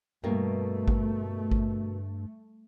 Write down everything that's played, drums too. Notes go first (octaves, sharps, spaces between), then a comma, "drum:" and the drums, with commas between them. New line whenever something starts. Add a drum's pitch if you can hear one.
G2 B2 G3 A3 A#3
drum: kick G#1
drum: kick G#1